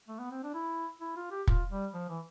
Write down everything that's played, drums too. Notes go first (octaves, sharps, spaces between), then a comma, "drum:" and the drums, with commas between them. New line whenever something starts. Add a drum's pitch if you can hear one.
A3
B3
C4
D4
E4
E4
F4
G4
F4, drum: kick
G3
F3
E3